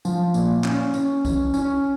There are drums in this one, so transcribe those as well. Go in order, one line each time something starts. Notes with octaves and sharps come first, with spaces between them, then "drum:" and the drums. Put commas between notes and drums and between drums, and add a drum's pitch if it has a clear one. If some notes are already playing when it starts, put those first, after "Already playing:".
F3, drum: tambourine
A#2, drum: tambourine
C#4, drum: clap
C#4, drum: tambourine
C#4, drum: kick, tambourine
C#4, drum: tambourine